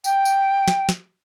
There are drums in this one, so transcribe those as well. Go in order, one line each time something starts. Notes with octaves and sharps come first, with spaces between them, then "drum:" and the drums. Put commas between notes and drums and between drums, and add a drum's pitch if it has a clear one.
G5, drum: tambourine
drum: tambourine
drum: snare
drum: snare